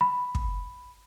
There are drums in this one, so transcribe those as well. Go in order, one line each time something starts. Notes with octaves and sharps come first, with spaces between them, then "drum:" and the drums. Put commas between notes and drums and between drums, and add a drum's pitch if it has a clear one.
B5
drum: kick